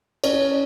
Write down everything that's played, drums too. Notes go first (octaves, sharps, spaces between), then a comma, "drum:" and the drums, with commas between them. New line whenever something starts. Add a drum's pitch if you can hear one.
C#4, drum: cymbal